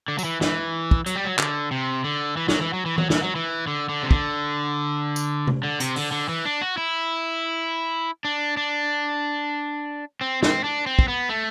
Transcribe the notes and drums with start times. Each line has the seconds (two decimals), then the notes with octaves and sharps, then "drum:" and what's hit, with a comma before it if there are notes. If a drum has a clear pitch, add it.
0.08 D3
0.19 F#3, drum: tambourine
0.24 E3
0.41 E3, drum: snare
0.91 drum: kick
1.06 F#3, drum: hi-hat
1.16 G3
1.25 F#3
1.39 D3, drum: clap
1.71 C3
2.04 D3
2.37 E3
2.48 F#3, drum: snare
2.61 E3
2.73 F#3
2.86 E3
2.98 F#3, drum: tom E3
3.10 E3, drum: snare
3.23 F#3
3.36 E3
3.67 D3
3.89 D3
4.03 C3
4.11 D3, drum: kick
5.16 drum: tambourine
5.47 drum: tom C3
5.63 D3
5.80 C3, drum: hi-hat
5.96 D3, drum: open hi-hat
6.12 D3
6.29 E3
6.45 D4
6.61 F#4
6.77 E4
8.25 D4
8.57 D4
10.21 C4
10.43 C4, drum: snare
10.64 D4
10.87 C4
10.99 drum: kick
11.08 B3
11.29 A3